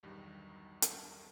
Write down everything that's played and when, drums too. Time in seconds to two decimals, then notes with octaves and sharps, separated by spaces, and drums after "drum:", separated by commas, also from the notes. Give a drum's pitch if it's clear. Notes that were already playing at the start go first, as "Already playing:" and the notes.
0.03 B1 E2 G2 D#3 G3
0.82 drum: hi-hat